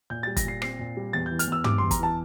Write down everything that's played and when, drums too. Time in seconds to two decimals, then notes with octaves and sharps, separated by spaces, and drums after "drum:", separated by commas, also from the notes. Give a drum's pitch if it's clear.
0.10 A#2 G6
0.23 G3 A6
0.37 A#6, drum: kick, hi-hat
0.44 A#2 C7
0.62 C4 C7, drum: rim click
0.79 A#2
0.97 G3
1.13 E2 A6
1.26 E3 G6
1.39 F6, drum: hi-hat
1.47 E2
1.52 E6
1.64 G3 D6, drum: tom
1.78 E2 C6
1.91 A#5, drum: kick, hi-hat
1.99 E3 A5